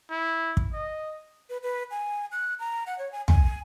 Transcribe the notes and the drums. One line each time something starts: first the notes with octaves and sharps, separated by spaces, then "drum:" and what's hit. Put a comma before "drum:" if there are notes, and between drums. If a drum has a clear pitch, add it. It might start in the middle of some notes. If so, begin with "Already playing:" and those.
E4
drum: kick
D#5
B4
B4
G#5
F#6
A#5
F#5
C#5
G#5
G#5, drum: tom